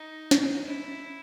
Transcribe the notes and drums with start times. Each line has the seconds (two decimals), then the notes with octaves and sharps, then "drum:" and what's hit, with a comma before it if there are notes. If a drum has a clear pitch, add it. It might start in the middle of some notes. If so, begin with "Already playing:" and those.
Already playing: D#4
0.31 drum: snare
0.66 E4